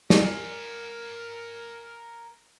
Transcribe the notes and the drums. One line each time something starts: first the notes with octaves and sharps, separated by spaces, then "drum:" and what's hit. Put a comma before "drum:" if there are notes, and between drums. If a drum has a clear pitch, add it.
A#4 G#5, drum: snare